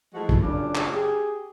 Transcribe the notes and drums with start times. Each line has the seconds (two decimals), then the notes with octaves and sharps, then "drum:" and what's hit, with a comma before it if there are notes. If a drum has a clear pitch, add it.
0.14 F3 G#3 A3 E4 F#4
0.29 drum: kick
0.41 F#2 A#2 C#3 D4 F4
0.75 drum: clap
0.91 G4 G#4